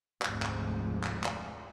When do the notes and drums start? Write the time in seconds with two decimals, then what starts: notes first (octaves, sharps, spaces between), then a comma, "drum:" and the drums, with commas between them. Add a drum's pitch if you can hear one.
0.22 F1 D2 G#2 F3, drum: clap
0.42 drum: clap
1.04 drum: clap
1.24 drum: clap